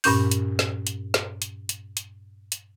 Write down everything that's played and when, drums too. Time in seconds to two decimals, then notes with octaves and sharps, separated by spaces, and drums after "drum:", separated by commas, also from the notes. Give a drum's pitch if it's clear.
0.04 G2 A#2 C#4 G6, drum: open hi-hat
0.31 drum: hi-hat
0.59 drum: snare
0.87 drum: hi-hat
1.14 drum: snare
1.42 drum: hi-hat
1.69 drum: hi-hat
1.97 drum: hi-hat
2.52 drum: hi-hat